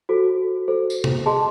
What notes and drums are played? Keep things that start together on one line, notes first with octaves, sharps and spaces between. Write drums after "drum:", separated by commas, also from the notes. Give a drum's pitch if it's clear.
F#4 A4 C5
F#4 A4 C5
drum: tambourine
drum: tom C3
G#4 D#5 A5 C6